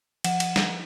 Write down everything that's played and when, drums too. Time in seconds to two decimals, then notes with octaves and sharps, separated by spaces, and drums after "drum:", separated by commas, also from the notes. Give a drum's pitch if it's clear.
0.24 F3 F#5 E7, drum: cymbal
0.40 drum: cymbal
0.56 drum: snare